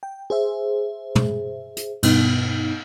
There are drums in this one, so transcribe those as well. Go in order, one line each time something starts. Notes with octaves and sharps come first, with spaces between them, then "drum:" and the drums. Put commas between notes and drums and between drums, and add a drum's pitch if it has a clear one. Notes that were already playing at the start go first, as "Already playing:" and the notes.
G5
G#4 C5 E5
drum: tom
drum: hi-hat
G2 B2 B3 D#4, drum: cymbal